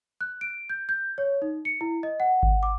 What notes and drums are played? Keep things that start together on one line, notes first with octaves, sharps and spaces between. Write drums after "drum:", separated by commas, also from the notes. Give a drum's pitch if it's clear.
F#6
D7
G6
G6
C#5
D#4
C#7
E4
D#5
F#5
drum: kick G#1
D6